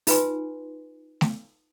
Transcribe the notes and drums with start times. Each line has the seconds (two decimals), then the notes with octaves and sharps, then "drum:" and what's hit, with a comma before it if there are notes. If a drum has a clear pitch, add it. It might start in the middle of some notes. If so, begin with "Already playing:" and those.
0.07 D#4 F4 B4 G#5 C6, drum: open hi-hat
1.21 drum: snare A3